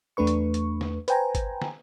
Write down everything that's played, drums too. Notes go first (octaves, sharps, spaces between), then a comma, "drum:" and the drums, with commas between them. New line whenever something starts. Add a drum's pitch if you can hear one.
E2 A3 D4 B4 C#6
drum: hi-hat
drum: hi-hat
drum: snare
B4 C5 G5 G#5 A#5, drum: hi-hat
drum: kick G1, hi-hat
drum: snare